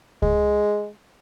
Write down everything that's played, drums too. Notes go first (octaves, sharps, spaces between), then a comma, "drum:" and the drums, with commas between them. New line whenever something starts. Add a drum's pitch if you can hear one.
G#3, drum: kick C#2